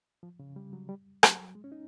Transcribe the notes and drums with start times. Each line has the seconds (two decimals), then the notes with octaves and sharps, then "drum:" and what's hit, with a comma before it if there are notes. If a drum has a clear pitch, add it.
0.23 F3
0.40 C#3
0.56 G3
0.73 F#3
0.89 G3
1.23 F#3, drum: rim click
1.55 G#3
1.64 C#4
1.72 D#4